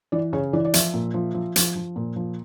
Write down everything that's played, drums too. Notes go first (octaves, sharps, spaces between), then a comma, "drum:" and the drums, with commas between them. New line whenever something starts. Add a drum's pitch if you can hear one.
E3 D5
C#3 C#5
E3 D5
D5
F3 E5, drum: hi-hat
A#2
F3
F3
F3, drum: hi-hat
F3
A#2
F3